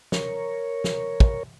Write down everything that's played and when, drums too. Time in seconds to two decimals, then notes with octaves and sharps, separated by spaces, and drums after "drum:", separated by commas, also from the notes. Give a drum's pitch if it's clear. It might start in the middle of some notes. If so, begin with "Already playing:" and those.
0.12 A#4 C#5, drum: snare
0.84 drum: snare
1.20 drum: kick